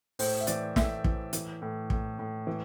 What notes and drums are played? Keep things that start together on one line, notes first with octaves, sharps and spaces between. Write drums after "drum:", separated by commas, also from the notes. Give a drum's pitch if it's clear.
A2 C5, drum: open hi-hat
E5
E3 D5, drum: hi-hat
A2 E5, drum: snare
E3, drum: kick
E3, drum: hi-hat
A2
A2, drum: kick
A2
E3